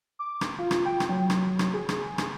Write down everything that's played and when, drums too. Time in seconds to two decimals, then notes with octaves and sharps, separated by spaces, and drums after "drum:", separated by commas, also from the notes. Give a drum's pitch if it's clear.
0.19 D6
0.41 drum: rim click
0.59 F4
0.71 drum: rim click
0.85 G5
1.00 drum: rim click
1.09 F#3
1.30 drum: rim click
1.59 drum: rim click
1.74 G#4
1.89 drum: rim click
2.18 drum: rim click